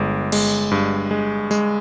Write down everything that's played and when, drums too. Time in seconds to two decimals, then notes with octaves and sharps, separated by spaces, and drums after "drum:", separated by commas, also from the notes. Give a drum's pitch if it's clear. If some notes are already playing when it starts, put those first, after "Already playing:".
Already playing: G1 G#3
0.32 G#3, drum: cymbal
0.71 G2
1.11 G#3
1.51 G#3, drum: tambourine